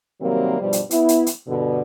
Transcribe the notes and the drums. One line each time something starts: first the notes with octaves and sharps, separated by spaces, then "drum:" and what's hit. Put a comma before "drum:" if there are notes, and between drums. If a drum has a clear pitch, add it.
C3 D#3 F#3 G3 A#3 C4
G2 B2 F3 G3
drum: hi-hat
B3 E4, drum: hi-hat
drum: hi-hat
drum: hi-hat
G2 B2 D3